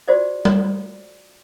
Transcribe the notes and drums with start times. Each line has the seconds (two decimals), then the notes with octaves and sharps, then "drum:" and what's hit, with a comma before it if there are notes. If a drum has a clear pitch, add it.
0.08 F4 F#4 G#4 C5 D5 D#5
0.45 drum: tom G3